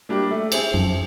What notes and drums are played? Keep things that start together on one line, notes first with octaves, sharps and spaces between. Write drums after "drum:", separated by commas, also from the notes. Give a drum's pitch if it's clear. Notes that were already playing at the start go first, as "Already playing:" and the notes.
G3 A#3 D4 G4
A3
C4 E4 G#4 C5, drum: cymbal
F#2 F3